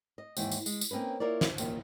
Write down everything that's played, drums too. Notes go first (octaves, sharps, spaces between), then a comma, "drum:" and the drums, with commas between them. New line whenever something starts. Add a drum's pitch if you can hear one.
D#5
D#2 G#2 E3, drum: tambourine
drum: tambourine
G#3, drum: tambourine
drum: tambourine
A#3 C4 C#4 D#4 B4
E4 F4 A#4 C#5 D5
drum: snare
D#2 A#2 A#3, drum: tambourine